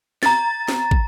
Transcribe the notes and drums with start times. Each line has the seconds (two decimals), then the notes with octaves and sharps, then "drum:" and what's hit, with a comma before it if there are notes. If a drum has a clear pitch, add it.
0.23 A#5 A6, drum: snare
0.68 drum: snare
0.91 drum: kick